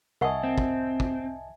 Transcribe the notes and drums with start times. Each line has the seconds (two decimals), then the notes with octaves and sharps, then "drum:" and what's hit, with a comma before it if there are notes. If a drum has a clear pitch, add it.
0.21 C2 A#4 D#5 E5 F#5 G#5 A5 C#6
0.44 C4
0.58 drum: kick
1.00 drum: kick